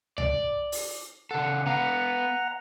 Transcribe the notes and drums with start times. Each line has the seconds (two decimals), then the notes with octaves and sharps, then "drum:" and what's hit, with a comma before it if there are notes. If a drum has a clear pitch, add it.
0.18 D5, drum: tom C2
0.72 drum: open hi-hat
1.31 C#3 A4 F#5
1.66 B3 F5 F#5 A#5